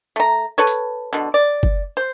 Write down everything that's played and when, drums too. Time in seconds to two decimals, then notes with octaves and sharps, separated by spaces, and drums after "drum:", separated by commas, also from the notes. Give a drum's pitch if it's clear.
0.16 A3 A#5
0.58 A4 B4 C#5
0.67 drum: hi-hat
1.13 B2 D3
1.34 D5
1.63 drum: kick
1.97 C5